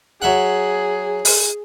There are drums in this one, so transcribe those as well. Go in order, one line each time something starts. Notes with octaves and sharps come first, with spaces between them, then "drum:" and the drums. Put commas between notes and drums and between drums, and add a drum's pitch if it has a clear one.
F#3 G#4 E5 F#5
drum: open hi-hat